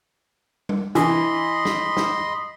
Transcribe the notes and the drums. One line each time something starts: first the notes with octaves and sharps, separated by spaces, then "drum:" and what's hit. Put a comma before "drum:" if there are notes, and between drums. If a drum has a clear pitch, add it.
drum: tom G3
E3 D#5 B5 C6, drum: hi-hat
drum: snare
drum: snare